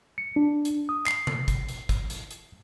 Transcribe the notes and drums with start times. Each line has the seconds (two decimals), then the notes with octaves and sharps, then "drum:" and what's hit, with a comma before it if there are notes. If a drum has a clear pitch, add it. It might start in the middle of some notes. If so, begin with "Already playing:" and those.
0.18 C#7
0.36 D4
0.65 drum: hi-hat
0.89 D#6
1.06 C7, drum: clap
1.27 drum: tom C3
1.48 drum: kick, hi-hat
1.69 drum: hi-hat
1.89 drum: kick, hi-hat
2.10 drum: hi-hat
2.31 drum: hi-hat